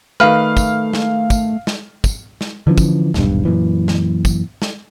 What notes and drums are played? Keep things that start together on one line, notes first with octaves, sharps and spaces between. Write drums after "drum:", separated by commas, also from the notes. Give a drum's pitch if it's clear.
D#3 A3 B4 F5 F6
drum: kick, tambourine
drum: snare
drum: kick, tambourine
drum: snare
drum: kick, tambourine
drum: snare
D3 E3 F3 C#4
drum: kick, tambourine
D#1 B1 G2, drum: snare
F#2 A#2 E3
drum: snare
drum: kick, tambourine
drum: snare